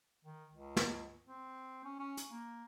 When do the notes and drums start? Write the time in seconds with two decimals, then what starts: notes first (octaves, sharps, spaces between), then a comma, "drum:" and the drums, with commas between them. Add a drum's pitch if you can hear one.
0.25 D#3
0.52 C#2
0.77 drum: snare
1.26 C4
1.84 C#4
1.99 C#4
2.17 drum: hi-hat
2.31 A#3